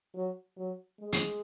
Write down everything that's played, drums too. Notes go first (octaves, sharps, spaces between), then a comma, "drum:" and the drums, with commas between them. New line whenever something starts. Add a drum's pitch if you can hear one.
F#3
F#3
G#3
drum: hi-hat